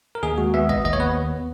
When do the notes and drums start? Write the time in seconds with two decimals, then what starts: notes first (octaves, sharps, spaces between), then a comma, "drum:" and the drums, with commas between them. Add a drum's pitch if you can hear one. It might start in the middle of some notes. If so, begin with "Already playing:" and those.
0.15 A#4
0.23 D#2 G#4
0.38 G#3 F#4
0.54 B3 E5
0.69 B3 D#5, drum: kick
0.84 D#2 D#5
0.93 C#5
1.00 B3 B4